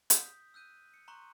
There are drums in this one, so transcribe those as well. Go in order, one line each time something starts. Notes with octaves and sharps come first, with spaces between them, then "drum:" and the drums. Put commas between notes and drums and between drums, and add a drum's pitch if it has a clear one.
D#6 G6 B6, drum: hi-hat
E6 F#6 G6 D#7
C#7
A#5 C6 C#6 F#6